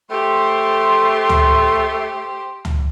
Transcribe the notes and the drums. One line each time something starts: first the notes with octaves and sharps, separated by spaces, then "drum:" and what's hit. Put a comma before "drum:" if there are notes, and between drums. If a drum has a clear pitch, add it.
A3 G4 C5 C6
drum: tom C#2
drum: tom C#2